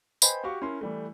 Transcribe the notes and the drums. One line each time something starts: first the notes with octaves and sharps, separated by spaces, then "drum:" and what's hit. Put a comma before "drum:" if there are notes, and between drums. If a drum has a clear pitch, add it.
B4 C5 D#5 G5 G#5 B5, drum: tambourine
F#4 G4 F5 C#6
C#4 E4 A#4 C6
E3 G3 A3